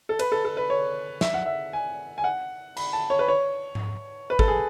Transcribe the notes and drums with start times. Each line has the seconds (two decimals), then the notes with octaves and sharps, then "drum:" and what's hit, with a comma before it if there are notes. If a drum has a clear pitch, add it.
0.09 A4
0.19 B4, drum: cymbal
0.32 A4
0.45 A4
0.57 B4
0.70 C#5
1.21 E5, drum: snare
1.34 F#5
1.46 E5
1.73 G#5
2.18 G#5
2.24 F#5
2.77 B5, drum: cymbal
2.93 A5
3.10 C#5
3.19 B4
3.28 C#5
3.75 drum: tom G#2
4.30 B4
4.39 A4, drum: kick G#1
4.48 G#4